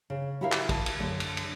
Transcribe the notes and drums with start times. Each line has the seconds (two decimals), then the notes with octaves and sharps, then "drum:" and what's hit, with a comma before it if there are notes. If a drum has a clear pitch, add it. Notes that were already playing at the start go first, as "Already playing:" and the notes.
0.10 C#3
0.41 E4 F#4 G4 A#4 E5 F5
0.52 drum: clap
0.69 A5, drum: kick, cymbal
0.86 drum: cymbal
1.00 F#2 D3 A3
1.20 drum: cymbal
1.37 drum: cymbal